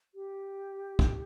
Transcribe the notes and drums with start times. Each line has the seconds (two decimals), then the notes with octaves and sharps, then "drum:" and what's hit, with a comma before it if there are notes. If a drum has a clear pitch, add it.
0.15 G4
0.99 drum: kick